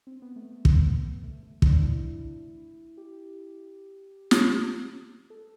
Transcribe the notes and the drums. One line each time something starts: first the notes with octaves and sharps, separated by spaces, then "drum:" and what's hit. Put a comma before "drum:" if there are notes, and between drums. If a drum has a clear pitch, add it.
C4
B3
A3
A3
A3, drum: kick
A3
A3
D4, drum: kick
E4
G4
drum: snare
A4